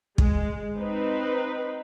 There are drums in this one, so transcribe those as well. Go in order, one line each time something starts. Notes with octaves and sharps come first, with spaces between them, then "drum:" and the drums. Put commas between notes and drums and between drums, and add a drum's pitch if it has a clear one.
G#3, drum: kick
C4 D#4 B4